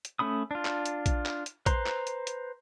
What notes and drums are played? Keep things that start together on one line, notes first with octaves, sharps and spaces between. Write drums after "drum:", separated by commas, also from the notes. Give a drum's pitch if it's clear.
drum: hi-hat
A3 C#4 B5 D#6
D4 F4
drum: clap
drum: hi-hat
drum: kick, hi-hat
drum: clap
drum: hi-hat
B4 C5 A#5 C6, drum: kick, hi-hat
drum: clap
drum: hi-hat
drum: hi-hat